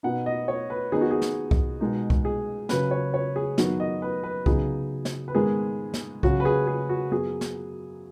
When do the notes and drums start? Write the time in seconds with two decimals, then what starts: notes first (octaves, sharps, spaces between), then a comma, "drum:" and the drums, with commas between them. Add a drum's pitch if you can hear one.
0.03 B2 B3 D#4 F#5
0.26 D#5
0.48 C#5
0.70 B4
0.92 D#3 B3 D#4 G#4
1.01 F#4
1.11 G#4
1.22 drum: snare
1.51 drum: kick C2
1.81 B2 G#3 D#4
2.10 drum: kick C2
2.25 G#4
2.69 C#3 F#3 C#4 B4, drum: snare
2.91 C#5
3.14 C#5
3.36 G#4
3.58 F#2 D#3 B3 D#4 F#4, drum: snare
3.80 D#5
4.02 B4
4.24 B4
4.46 C#3 F#3 B3 D#4 G#4, drum: kick C2
5.05 drum: snare
5.28 B4
5.35 G#2 D#3 G#3 B3 G#4
5.94 drum: snare
6.23 C#3 F#3 C#4 F#4, drum: kick C2
6.40 B4
6.45 G#4
6.67 G#4
6.89 F#4
7.11 F#2 F#3 B3 G#4
7.41 drum: snare